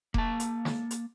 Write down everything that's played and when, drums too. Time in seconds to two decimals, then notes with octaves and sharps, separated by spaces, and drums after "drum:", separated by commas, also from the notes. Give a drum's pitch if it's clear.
0.14 A#3 A5, drum: kick E1
0.40 drum: hi-hat
0.65 drum: snare
0.91 drum: hi-hat